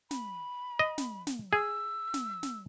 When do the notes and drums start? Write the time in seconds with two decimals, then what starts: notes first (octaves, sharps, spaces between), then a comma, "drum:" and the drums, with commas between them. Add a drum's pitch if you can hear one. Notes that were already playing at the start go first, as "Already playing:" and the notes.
0.11 B5, drum: snare
0.79 D#5
0.98 drum: snare
1.27 drum: snare
1.53 G#4 E6
2.14 drum: snare
2.43 drum: snare